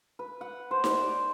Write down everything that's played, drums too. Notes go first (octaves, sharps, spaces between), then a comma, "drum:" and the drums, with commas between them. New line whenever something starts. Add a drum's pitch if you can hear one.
B4
F#5
C5
drum: snare D#4
D5